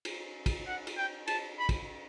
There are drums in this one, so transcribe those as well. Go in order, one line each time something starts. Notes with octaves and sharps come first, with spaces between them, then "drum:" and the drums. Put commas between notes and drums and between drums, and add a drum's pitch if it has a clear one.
drum: cymbal
drum: kick, cymbal
F#5
drum: cymbal
G5
A5, drum: cymbal
B5
drum: kick, cymbal